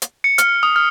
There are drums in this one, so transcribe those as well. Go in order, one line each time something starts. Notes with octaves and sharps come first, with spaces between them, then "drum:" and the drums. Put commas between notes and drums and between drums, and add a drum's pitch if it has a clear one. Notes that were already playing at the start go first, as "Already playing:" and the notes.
drum: hi-hat
C#7
F6, drum: hi-hat
D#6
F6